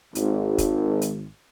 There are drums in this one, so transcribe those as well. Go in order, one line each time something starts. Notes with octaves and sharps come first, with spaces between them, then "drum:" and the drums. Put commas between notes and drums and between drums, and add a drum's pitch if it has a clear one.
G#1, drum: hi-hat
drum: kick, hi-hat
drum: hi-hat